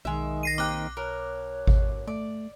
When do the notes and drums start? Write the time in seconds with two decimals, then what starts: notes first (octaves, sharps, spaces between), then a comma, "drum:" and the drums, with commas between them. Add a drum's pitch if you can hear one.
0.05 B1 D#3 G#3 E5
0.43 A#6 C7 D#7
0.58 A#3 C4 G4 D6 F#6
0.97 B2 A#4 C#5
1.67 drum: kick G#1
2.07 A3 D5